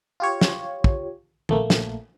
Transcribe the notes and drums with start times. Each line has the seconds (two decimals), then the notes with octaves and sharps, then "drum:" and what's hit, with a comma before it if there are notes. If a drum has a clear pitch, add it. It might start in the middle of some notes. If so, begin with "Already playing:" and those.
0.20 F4 G4 C#5
0.41 drum: snare
0.84 drum: kick
1.49 A#1 A3 A#3, drum: tom
1.70 drum: snare